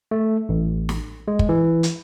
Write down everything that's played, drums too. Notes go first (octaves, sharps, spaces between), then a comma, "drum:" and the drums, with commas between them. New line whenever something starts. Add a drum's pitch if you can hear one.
A3
A1
drum: snare
G#3
drum: kick
E3
drum: hi-hat